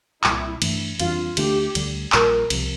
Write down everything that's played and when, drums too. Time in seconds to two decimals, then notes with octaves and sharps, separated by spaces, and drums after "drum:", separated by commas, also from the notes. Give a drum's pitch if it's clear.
0.24 C2 A#2 G3 E4, drum: clap
0.62 G2 E3 A3 D4, drum: cymbal
1.00 F2 E3 G3 D4 F4, drum: cymbal
1.37 D2 D3 A3 D4 G4, drum: cymbal
1.75 D2 D3 G3, drum: cymbal
2.12 A#1 A#2 G3 A#4, drum: clap
2.50 C2 C3 F3, drum: cymbal